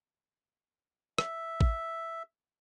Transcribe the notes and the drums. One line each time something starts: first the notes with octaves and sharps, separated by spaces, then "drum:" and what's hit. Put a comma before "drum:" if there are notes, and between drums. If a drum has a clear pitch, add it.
E5, drum: rim click
drum: kick